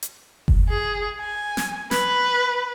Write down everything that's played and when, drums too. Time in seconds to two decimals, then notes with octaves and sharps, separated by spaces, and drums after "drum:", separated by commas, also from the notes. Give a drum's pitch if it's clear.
0.03 drum: hi-hat
0.48 drum: kick F#1
0.69 G#4
1.20 G#5
1.57 drum: snare
1.91 B4, drum: snare